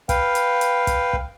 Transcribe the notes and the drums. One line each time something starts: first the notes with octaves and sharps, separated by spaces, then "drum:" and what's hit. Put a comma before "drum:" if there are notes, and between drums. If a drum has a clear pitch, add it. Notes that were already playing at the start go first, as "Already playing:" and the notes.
B4 F5 G5, drum: kick, hi-hat
drum: hi-hat
drum: hi-hat
drum: kick, hi-hat
drum: kick